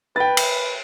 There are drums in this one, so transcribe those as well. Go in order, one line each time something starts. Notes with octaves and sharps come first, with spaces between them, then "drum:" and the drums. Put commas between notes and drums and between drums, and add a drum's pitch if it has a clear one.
B4 G5 A6
drum: cymbal